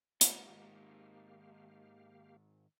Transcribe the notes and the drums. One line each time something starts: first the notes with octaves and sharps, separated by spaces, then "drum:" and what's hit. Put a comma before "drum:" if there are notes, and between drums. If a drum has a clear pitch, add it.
G#2 D#3 A#3 F4 G4 F5 F#5, drum: hi-hat